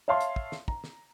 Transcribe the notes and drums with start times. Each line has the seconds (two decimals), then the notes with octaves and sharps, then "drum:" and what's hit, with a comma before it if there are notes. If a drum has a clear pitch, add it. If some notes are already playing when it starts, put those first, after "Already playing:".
0.08 C#5 E5 F5 A5 C6
0.20 drum: hi-hat
0.36 drum: kick
0.52 drum: snare
0.68 A#5, drum: kick
0.84 drum: snare